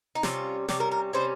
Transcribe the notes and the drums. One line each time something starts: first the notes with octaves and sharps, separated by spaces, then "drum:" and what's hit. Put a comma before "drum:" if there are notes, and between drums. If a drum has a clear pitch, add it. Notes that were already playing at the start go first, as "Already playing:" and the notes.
D#4
C3 G3 C#4 F4, drum: snare
C3 G3 C#4 G4, drum: snare
A#4
A#4
C3 G3 C#4 C5